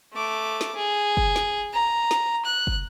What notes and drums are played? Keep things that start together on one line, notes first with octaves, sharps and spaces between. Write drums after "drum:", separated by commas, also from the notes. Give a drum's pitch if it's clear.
A3 D6
drum: snare
G#4
drum: kick
drum: snare
A#5
drum: snare
F#6
drum: kick